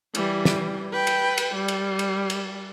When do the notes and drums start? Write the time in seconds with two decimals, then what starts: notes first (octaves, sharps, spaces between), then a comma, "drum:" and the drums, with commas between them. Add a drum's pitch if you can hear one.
0.15 E3 G3, drum: cymbal
0.45 drum: snare
0.92 B4 G5
1.07 drum: cymbal
1.38 drum: cymbal
1.55 G3
1.68 drum: cymbal
1.99 drum: cymbal
2.30 drum: cymbal